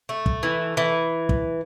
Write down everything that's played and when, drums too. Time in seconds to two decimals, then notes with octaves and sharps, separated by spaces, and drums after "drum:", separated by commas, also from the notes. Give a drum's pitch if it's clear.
0.09 A3
0.26 drum: kick
0.43 E3
0.77 E3
1.29 drum: kick